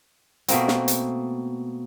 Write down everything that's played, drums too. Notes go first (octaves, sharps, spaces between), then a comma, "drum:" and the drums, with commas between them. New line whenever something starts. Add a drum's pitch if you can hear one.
B2 A3 A#3 C4, drum: hi-hat
drum: snare
drum: hi-hat